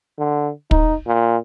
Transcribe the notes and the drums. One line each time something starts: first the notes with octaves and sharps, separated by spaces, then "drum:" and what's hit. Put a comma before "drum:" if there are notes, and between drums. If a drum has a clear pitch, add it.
D3
D#4, drum: kick
A#2